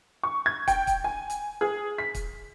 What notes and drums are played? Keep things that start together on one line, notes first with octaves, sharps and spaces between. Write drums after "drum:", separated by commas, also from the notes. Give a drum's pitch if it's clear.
C#6
G#6
G5, drum: kick, hi-hat
drum: kick, hi-hat
G#5
drum: hi-hat
G#4
B6
drum: kick, hi-hat